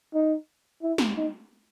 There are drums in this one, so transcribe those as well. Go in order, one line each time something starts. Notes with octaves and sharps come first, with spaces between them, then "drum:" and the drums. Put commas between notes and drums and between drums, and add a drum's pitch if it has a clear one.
D#4
E4
drum: snare
D#4